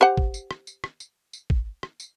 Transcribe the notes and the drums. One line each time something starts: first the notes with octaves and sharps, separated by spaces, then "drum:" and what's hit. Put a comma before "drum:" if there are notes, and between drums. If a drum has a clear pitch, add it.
G4 C5 F#5
drum: kick
drum: tambourine
drum: rim click
drum: tambourine
drum: rim click
drum: tambourine
drum: tambourine
drum: kick
drum: rim click
drum: tambourine